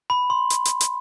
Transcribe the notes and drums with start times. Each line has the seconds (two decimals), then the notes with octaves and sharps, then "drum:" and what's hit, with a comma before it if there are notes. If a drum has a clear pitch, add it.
0.10 B5
0.30 C6
0.50 drum: hi-hat
0.65 drum: hi-hat
0.81 drum: hi-hat